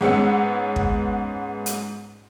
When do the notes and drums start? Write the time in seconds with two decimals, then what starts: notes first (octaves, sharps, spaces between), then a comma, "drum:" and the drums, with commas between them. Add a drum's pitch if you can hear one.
0.01 G#2 G#3 B3 C#4 E6 C#7
0.76 drum: kick
1.66 drum: hi-hat